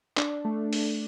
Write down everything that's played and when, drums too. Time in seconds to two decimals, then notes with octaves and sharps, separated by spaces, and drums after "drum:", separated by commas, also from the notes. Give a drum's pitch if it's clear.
0.17 D4, drum: clap
0.45 A3
0.73 drum: open hi-hat